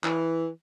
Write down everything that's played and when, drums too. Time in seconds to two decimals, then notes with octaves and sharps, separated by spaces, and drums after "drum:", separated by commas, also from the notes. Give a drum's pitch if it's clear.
0.04 E3, drum: clap